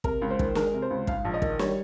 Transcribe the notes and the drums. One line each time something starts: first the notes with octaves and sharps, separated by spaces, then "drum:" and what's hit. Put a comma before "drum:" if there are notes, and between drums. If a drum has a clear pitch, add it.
C3 A#4, drum: kick
C#2
C5
D#3, drum: kick
G#3 A#4, drum: snare
C3
C5
C#2
G#2 F5, drum: kick
A#1
D#5
D#3, drum: kick
G3 C#5, drum: snare